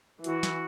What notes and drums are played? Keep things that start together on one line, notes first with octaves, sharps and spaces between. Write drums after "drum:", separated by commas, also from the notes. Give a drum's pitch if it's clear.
E3 F#4, drum: hi-hat
drum: snare